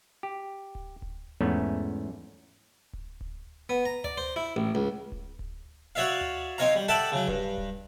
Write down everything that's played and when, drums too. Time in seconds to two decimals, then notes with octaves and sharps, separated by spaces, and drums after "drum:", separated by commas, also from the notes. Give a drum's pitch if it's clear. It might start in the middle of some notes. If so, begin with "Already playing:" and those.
0.23 G4
0.75 drum: kick D1
1.02 drum: kick D1
1.41 E2 G#2 A3 B3 C#4
2.93 drum: kick D1
3.21 drum: kick D1
3.69 B3
3.85 A#5
4.04 D5, drum: tom D2
4.17 C5
4.36 E4
4.56 A1
4.75 C#2
5.12 drum: kick D1
5.39 drum: kick D1
5.95 F#4 C#5 D5 E5 F5
6.21 drum: tom D2
6.58 C4 D#4 C#5 F5 A#5
6.76 G3
6.88 A4 D5 E5 F#5 G5 A5
7.12 C#3 F#3
7.28 G2, drum: kick D1
7.58 drum: kick D1